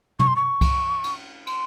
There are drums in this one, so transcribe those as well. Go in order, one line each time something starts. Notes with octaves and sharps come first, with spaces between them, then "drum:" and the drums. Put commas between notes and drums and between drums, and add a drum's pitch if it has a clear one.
C#6, drum: tom
C6
C#6
drum: kick C2, cymbal
drum: cymbal
C6, drum: cymbal